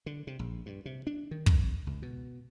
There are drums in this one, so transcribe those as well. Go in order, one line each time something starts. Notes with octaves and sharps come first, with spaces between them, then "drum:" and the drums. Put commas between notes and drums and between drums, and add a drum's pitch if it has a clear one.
D3
C3
A#1
G2
C3
D4
D#3
F2, drum: kick
C#2
B2